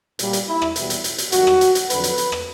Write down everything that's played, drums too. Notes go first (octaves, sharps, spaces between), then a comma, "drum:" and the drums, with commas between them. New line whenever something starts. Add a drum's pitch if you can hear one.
A#2 G3, drum: hi-hat
drum: hi-hat
E4
drum: rim click
E2 B2 G3, drum: hi-hat
drum: hi-hat
drum: hi-hat
drum: hi-hat
F#2 D#3 G3 F#4, drum: hi-hat
drum: rim click
drum: hi-hat
drum: hi-hat
F2 D3 F#3 B4, drum: hi-hat
drum: hi-hat
drum: hi-hat
drum: rim click